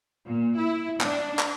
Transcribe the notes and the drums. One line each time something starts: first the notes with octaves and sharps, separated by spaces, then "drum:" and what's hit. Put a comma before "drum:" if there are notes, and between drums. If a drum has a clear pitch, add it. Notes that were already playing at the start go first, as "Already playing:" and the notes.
A#2
E4
D4, drum: clap
drum: clap